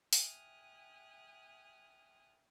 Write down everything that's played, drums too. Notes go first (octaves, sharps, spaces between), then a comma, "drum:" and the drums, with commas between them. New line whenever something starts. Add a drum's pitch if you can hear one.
E5 G5 G#5 D#6 F6 F#6, drum: open hi-hat